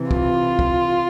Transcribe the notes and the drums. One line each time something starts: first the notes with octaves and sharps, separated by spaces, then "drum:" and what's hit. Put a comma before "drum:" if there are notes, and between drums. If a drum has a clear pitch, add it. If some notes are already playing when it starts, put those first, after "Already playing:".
Already playing: C3 E3
F4, drum: kick
drum: kick